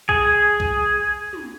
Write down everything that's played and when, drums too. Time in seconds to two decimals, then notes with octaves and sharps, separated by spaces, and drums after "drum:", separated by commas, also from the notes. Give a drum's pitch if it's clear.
0.09 G#4, drum: kick B1
0.60 drum: kick B1
1.33 drum: tom